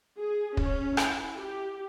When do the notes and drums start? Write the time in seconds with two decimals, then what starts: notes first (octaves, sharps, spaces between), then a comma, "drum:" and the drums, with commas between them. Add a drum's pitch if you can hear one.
0.19 G#4
0.57 C#4, drum: kick
0.97 E4, drum: rim click
1.38 G4